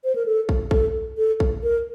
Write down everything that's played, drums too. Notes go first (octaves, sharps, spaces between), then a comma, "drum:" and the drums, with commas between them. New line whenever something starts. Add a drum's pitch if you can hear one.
C5
A#4
A4
drum: kick
A4, drum: kick
A4
drum: kick
A#4